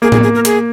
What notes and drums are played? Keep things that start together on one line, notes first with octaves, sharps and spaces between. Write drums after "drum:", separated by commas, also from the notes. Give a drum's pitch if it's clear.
A#3 G#4
G#4, drum: tom A2
G#4
A#4
G#4, drum: hi-hat